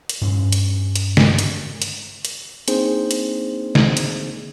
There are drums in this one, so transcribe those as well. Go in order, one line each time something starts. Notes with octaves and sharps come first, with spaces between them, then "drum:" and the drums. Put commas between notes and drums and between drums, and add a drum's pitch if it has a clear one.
drum: hi-hat
G2 C#4
drum: hi-hat
drum: hi-hat
drum: snare
drum: hi-hat
drum: hi-hat
drum: hi-hat
A#3 C4 D4 D#4 G#4 C5, drum: hi-hat
drum: hi-hat
drum: snare
drum: hi-hat